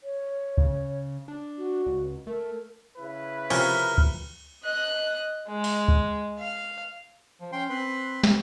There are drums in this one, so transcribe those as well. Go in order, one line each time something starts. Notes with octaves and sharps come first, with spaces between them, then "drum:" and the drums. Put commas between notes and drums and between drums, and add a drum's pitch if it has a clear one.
C#5
C#3, drum: kick C#2
D4
F#4
C#2
A3 A#4
C#3 E4 B4
C3 F3 C#4 A#4, drum: cymbal
drum: kick C#2
D#5 F#6
G#3
drum: open hi-hat
drum: kick C#2
F5
F3
C#4 G5 C6
C4 B4 B5 C6
C4, drum: snare